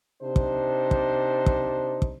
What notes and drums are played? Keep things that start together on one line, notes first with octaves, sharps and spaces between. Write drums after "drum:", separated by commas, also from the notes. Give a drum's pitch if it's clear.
C3 D4 D#4 C5
drum: kick
drum: kick
drum: kick
drum: kick